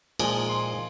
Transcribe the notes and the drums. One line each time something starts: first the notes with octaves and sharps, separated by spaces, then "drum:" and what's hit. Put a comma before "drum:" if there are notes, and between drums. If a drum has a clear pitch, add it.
A#2 F3 G#3 G#5, drum: cymbal
C6